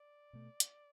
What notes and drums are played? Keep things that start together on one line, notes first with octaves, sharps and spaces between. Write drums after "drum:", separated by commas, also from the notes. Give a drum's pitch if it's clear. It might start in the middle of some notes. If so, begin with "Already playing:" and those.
Already playing: D5
B2 A3
drum: hi-hat